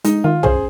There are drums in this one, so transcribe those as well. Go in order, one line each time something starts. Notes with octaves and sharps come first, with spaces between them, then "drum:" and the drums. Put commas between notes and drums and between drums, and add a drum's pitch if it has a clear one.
G#3 D#4, drum: hi-hat
D#3 F4
C#4 G#4 C5, drum: tom